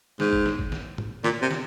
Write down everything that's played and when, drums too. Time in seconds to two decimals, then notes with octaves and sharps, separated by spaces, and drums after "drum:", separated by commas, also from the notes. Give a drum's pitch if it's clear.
0.20 G#2, drum: snare
0.33 drum: kick
0.46 drum: snare
0.59 drum: kick
0.72 drum: snare
0.98 drum: tom G#2
1.24 A#2, drum: snare
1.42 C3
1.51 drum: snare